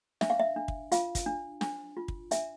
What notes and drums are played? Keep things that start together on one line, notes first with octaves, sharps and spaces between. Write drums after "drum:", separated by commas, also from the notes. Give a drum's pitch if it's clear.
D4 E5, drum: snare
F5
E5
D4
drum: kick
F4 F5, drum: hi-hat
drum: kick, hi-hat
D4
D4, drum: snare
F4
drum: kick
D4 E5, drum: hi-hat